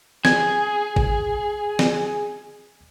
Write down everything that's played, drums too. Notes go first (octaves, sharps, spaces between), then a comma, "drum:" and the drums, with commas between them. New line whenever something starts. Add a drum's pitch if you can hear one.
G#4 G#6, drum: snare
drum: kick G#1
drum: snare